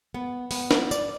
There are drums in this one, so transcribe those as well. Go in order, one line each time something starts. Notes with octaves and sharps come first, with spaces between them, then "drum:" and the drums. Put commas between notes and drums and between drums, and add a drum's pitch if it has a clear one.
B3
B3, drum: open hi-hat
drum: snare
D5, drum: tambourine